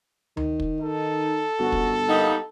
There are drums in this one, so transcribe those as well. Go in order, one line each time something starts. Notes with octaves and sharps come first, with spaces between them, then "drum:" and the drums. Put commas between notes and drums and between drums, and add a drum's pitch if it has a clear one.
D#3, drum: tom D2
drum: kick
D#4 A4
G1 F#2 B2 F#4
drum: kick
G3 A#3 B3 D#4